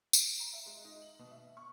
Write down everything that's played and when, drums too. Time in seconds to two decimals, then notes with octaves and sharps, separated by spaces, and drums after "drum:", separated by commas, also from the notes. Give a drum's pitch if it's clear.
0.13 drum: tambourine
0.24 D7
0.40 A#5
0.53 E5
0.66 G#3
0.84 D#4
1.02 F#7
1.19 B2
1.31 E5
1.57 C#6